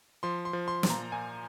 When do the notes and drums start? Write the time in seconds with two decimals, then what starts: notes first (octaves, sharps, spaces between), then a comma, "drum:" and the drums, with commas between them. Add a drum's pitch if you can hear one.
0.23 F3 C6
0.45 C6
0.53 F3
0.68 C6
0.83 A#2, drum: snare
0.90 A#5
1.12 A#2 G#5